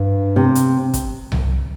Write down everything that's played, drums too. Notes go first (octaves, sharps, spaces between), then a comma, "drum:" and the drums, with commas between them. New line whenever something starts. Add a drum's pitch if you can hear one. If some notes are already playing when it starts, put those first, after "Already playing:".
Already playing: G2
C3
drum: hi-hat
drum: kick, hi-hat
drum: tom C2